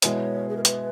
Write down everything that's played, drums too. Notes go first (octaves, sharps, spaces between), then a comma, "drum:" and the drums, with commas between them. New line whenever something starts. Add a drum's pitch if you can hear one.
B2 G#3 B3 E4 C#5 E5, drum: hi-hat
G#4
A#4
B4, drum: hi-hat